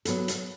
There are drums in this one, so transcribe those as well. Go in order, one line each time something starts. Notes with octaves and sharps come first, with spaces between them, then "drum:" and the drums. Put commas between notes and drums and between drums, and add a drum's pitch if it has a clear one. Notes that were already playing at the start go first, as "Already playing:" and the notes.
F#3 B3 A4, drum: hi-hat
drum: hi-hat